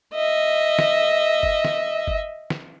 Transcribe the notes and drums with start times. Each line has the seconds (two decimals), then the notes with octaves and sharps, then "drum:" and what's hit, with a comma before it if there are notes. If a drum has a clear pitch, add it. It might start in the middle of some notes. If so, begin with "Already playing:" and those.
0.14 D#5 E5
0.79 drum: snare
1.43 drum: kick G1
1.64 drum: snare
2.07 drum: kick G1
2.50 drum: snare